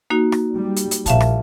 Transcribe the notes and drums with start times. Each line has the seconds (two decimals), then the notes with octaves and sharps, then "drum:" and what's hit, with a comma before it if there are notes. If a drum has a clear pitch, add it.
0.10 A#3 D#4 F#4
0.32 drum: rim click
0.54 G3
0.76 drum: hi-hat
0.91 drum: hi-hat
1.06 A#1 E5 F5 A5, drum: kick, hi-hat
1.21 drum: rim click